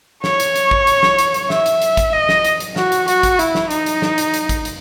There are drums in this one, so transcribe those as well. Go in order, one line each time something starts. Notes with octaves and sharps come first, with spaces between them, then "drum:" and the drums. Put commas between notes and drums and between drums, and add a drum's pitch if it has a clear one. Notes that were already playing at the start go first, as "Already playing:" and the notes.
C#5, drum: snare
drum: hi-hat
drum: hi-hat
drum: kick
drum: hi-hat
drum: snare
drum: hi-hat
drum: hi-hat
E5, drum: snare
drum: hi-hat
drum: hi-hat
drum: kick, hi-hat
D#5
drum: snare
drum: hi-hat
drum: hi-hat
F#4, drum: snare
drum: hi-hat
F#4, drum: hi-hat
drum: kick, hi-hat
E4, drum: hi-hat
drum: snare
D#4, drum: hi-hat
drum: hi-hat
drum: snare
drum: hi-hat
drum: hi-hat
drum: kick, hi-hat
drum: hi-hat